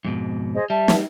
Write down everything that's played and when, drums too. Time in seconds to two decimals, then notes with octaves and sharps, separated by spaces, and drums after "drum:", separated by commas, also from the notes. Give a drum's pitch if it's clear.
0.05 F2 G#2 B2
0.55 G#4 C5 D#5
0.70 G3 E5 A5
0.88 drum: snare